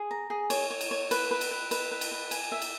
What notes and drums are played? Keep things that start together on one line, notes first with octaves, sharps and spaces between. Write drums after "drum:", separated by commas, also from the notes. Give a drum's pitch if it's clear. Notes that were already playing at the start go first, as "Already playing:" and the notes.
Already playing: G#4
A#5
G#4
C#5, drum: cymbal
C#5
drum: cymbal
C#5
B4, drum: cymbal
B4
drum: cymbal
B4
B4, drum: cymbal
B4
drum: cymbal
B4
G#5, drum: cymbal
E5
drum: cymbal